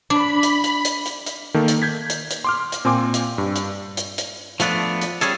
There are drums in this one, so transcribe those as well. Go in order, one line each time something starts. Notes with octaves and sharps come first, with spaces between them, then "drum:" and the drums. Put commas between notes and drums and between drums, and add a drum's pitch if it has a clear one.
D4 B5
drum: hi-hat
drum: hi-hat
drum: hi-hat
drum: hi-hat
drum: hi-hat
D#3 A#3 A4
drum: hi-hat
G6 G#6 B6
drum: hi-hat
drum: hi-hat
C6 D6 F6
drum: hi-hat
A#2 C4 G#5 C6 D6
drum: hi-hat
G2
drum: hi-hat
drum: hi-hat
drum: hi-hat
F3 A3 B3 D4, drum: hi-hat
drum: hi-hat
G3 C#4 G#4 A4, drum: hi-hat